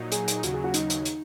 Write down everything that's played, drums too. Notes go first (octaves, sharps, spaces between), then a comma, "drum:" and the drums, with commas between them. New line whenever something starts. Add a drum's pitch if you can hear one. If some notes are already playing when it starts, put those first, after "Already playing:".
Already playing: A#2 F#3 D#4
G#4, drum: hi-hat
drum: hi-hat
D#2 C#3 F#3 F#4, drum: hi-hat
G#4
F#4
D#4, drum: hi-hat
drum: hi-hat
drum: hi-hat